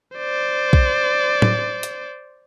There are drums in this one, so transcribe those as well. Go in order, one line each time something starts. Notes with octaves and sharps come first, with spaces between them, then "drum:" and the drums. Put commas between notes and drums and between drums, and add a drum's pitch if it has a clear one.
C5 D5
drum: kick B1
drum: tom A2
drum: hi-hat